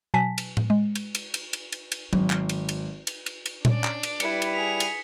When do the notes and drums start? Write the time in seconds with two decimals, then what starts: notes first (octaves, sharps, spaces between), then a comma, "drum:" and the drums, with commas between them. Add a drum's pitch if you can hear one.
0.14 B2 F#3 G#5 A5 B6
0.38 drum: cymbal
0.57 drum: tom A2
0.70 G#3
0.95 drum: cymbal
1.15 drum: cymbal
1.34 drum: cymbal
1.53 drum: cymbal
1.72 drum: cymbal
1.92 drum: cymbal
2.13 G#1 F#3, drum: tom F#3
2.30 drum: clap
2.49 drum: cymbal
2.69 drum: cymbal
3.07 drum: cymbal
3.26 drum: cymbal
3.46 drum: cymbal
3.65 C#4 D4 D5, drum: tom A#2
3.84 drum: clap
4.03 drum: cymbal
4.20 G3 E4 B4 C#7, drum: cymbal
4.42 drum: cymbal
4.54 G#4 B6 F7
4.80 drum: cymbal